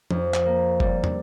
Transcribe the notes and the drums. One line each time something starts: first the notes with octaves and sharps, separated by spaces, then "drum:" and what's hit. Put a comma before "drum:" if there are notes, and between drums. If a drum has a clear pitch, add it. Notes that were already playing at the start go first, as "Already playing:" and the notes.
F2, drum: tom F3
drum: clap
A#3
G3, drum: kick F#1
drum: tom